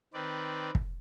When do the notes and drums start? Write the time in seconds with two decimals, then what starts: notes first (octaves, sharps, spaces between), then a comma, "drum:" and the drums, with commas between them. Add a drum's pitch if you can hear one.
0.14 D#3 C4 B4 D5
0.75 drum: kick